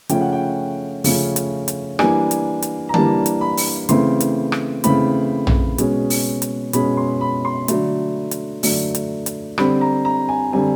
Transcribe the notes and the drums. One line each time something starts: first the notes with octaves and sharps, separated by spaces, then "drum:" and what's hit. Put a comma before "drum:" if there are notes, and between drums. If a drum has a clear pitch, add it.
C#3 F3 A3 C#4 G5, drum: hi-hat
F#5
G5
C#3 F3 A3 C#4, drum: open hi-hat
drum: hi-hat
drum: hi-hat
E3 G3 A#3 D4 G#5, drum: rim click
drum: hi-hat
drum: hi-hat
A#5
E3 G3 A#3 D4 A5, drum: tom D3
drum: hi-hat
B5
drum: open hi-hat
C#3 E3 A3 C4 C6, drum: hi-hat
drum: hi-hat
drum: rim click
C#3 E3 A3 C4 B5, drum: hi-hat
drum: tom A#1
B2 G#3 C#4, drum: hi-hat
drum: open hi-hat
drum: hi-hat
B2 G#3 C#4 B5, drum: hi-hat
C6
B5
C6
D3 F#3 A3, drum: hi-hat
drum: hi-hat
D3 F#3 A3, drum: open hi-hat
drum: hi-hat
drum: hi-hat
D3 G3 C4 B5, drum: rim click
A#5
A#5
G#5
D3 G3 C4 G#5